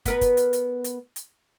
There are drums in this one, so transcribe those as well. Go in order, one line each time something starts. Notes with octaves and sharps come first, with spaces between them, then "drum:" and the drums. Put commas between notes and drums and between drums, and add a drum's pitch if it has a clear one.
B3 A#4 B4, drum: kick, hi-hat
drum: kick, hi-hat
drum: hi-hat
drum: hi-hat
drum: hi-hat
drum: hi-hat